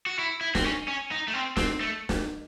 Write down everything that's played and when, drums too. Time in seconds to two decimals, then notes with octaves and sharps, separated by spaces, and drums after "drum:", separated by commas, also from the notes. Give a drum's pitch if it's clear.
0.06 F#4
0.19 E4
0.41 E4
0.55 C4, drum: snare
0.64 C#4
0.88 C#4
1.11 D#4
1.28 A3
1.34 C4
1.57 C4, drum: snare
1.80 A3
2.09 drum: snare